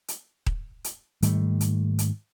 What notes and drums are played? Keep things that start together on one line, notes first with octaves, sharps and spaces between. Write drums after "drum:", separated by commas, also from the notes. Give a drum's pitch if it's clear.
drum: hi-hat
drum: kick D#1
drum: hi-hat
G#2 D#3 G3 A3, drum: hi-hat
drum: hi-hat
drum: hi-hat